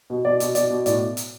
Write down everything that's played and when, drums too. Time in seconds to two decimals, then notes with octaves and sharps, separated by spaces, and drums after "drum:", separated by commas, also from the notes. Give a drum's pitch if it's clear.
0.10 B2
0.24 B2 D5
0.40 B2, drum: hi-hat
0.55 B2 D5, drum: hi-hat
0.70 B2
0.86 A2 D5, drum: hi-hat
1.17 drum: hi-hat